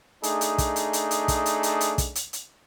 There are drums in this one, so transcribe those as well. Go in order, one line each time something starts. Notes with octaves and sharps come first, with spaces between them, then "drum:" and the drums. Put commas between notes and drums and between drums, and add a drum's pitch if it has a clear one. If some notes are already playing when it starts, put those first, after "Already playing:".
A3 D4 D#4 G#4, drum: hi-hat
drum: hi-hat
drum: kick, hi-hat
drum: hi-hat
drum: hi-hat
drum: hi-hat
drum: kick, hi-hat
drum: hi-hat
drum: hi-hat
drum: hi-hat
drum: kick, hi-hat
drum: hi-hat
drum: hi-hat